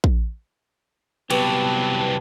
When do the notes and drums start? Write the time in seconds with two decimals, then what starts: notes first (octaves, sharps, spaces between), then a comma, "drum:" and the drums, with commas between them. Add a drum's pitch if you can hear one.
0.04 drum: kick
1.31 C2 F#3 B3 G4 B4 A5, drum: cymbal